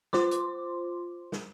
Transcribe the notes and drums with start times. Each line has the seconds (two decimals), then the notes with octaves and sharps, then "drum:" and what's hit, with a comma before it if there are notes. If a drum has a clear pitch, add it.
0.13 F4 C5 C6 D6, drum: snare
0.31 drum: hi-hat
1.32 drum: snare